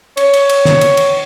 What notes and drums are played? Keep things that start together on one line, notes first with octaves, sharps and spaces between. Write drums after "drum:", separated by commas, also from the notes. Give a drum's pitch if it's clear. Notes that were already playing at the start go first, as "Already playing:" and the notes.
C#5, drum: cymbal
drum: cymbal
drum: cymbal
drum: snare
drum: cymbal
drum: cymbal